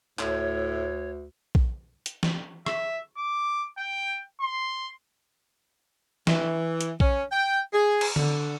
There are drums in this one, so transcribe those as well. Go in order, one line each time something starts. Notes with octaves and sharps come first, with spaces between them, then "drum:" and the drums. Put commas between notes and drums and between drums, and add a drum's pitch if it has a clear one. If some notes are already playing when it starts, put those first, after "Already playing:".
D2 A2 C#5, drum: clap
drum: kick A#1
drum: hi-hat
drum: snare
E5, drum: rim click
D6
G5
C6
E3, drum: snare
drum: hi-hat
C#4, drum: kick A#1
G5
G#4
drum: cymbal
D3, drum: tom D3